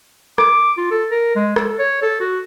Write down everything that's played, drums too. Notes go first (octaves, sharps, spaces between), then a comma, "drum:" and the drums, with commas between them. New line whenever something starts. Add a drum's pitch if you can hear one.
D6, drum: rim click
F4
A4
A#4
G#3
A4, drum: rim click
C#5
A4
F#4